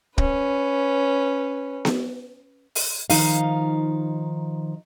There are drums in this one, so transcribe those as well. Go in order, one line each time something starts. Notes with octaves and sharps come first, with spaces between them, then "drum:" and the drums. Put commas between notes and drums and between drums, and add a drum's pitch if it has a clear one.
C#4 B4, drum: kick
drum: snare B3
drum: open hi-hat
D#3 F3 D#4 F5, drum: open hi-hat